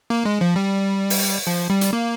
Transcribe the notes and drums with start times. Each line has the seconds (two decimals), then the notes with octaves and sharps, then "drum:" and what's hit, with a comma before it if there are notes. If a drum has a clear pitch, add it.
0.10 A#3
0.25 G#3
0.41 F3
0.56 G3
1.10 drum: open hi-hat
1.47 F3
1.70 G3
1.81 drum: hi-hat
1.93 A#3